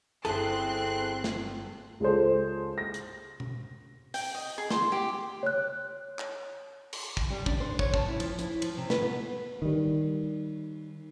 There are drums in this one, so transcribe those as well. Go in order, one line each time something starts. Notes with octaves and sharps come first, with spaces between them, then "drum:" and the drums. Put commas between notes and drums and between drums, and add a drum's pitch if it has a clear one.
G1 C4 E4 G#4 A4 C6 F#6 G7, drum: hi-hat
drum: snare
C#2 F4 G#4 A4 C5
A#6
drum: hi-hat
drum: tom B2
G5, drum: open hi-hat
D#5
G#4
C6, drum: snare
G4
C#5 F#6
drum: clap
drum: cymbal
drum: kick
G3
D4, drum: kick
C5
C#5, drum: kick
A5, drum: kick
E4
F3, drum: cymbal
E4, drum: hi-hat
F3, drum: cymbal
C3
B4, drum: snare
B3
D#3 G3